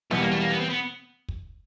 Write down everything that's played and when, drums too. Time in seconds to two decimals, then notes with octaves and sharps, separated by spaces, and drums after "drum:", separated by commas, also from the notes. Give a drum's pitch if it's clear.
0.11 E2 B2 G3 B3, drum: snare
0.21 A#3
0.31 A3
0.40 A#3
0.51 B3
0.60 C4
0.70 B3
1.29 drum: kick